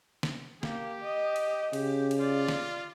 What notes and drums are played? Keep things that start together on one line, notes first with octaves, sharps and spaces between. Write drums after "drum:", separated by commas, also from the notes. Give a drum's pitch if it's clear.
drum: snare
A#3 G4, drum: snare
D#5
drum: cymbal
C#3 G4, drum: cymbal
drum: cymbal
F4 D5
drum: snare